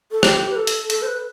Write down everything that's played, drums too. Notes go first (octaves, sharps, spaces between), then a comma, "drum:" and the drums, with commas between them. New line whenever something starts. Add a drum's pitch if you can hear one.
A4
G4, drum: rim click
B4
A4
drum: hi-hat
A4, drum: hi-hat
C5
B4